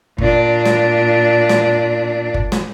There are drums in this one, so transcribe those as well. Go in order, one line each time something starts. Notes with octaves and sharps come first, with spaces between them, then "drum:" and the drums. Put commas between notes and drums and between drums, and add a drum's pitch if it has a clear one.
A#2 D4, drum: kick
drum: snare
drum: snare
drum: kick
drum: snare